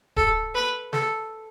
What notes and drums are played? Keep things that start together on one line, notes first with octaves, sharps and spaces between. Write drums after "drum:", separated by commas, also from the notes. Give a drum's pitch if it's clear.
A4, drum: kick D1
B4
A4, drum: snare